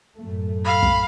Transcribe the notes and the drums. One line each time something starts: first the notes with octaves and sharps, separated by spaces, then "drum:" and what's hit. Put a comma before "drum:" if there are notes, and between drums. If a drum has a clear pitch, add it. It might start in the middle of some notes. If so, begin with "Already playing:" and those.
F#2 A2 A3
F5 B5
drum: kick